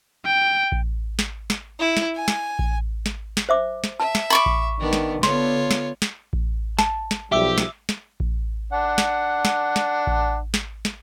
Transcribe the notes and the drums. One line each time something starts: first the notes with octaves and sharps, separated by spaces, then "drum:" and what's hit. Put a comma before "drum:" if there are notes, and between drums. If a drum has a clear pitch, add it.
G5
drum: kick A1
drum: snare
drum: snare
E4
drum: snare
G#5
drum: snare
drum: kick A1
drum: snare
drum: snare
C5 E5 D6
drum: snare
E5 A5
drum: snare
B5 C#6 D6
drum: kick A1
D#3 B3 D4
drum: snare
D3 B3 F4 C#5 C6, drum: snare
drum: snare
drum: snare
drum: kick A1
A5, drum: snare
drum: snare
B1 F3 G3 G4 E5 D6 E6
drum: snare
drum: snare
drum: kick A1
D4 F#5
drum: snare
drum: snare
drum: snare
drum: kick A1
drum: snare
drum: snare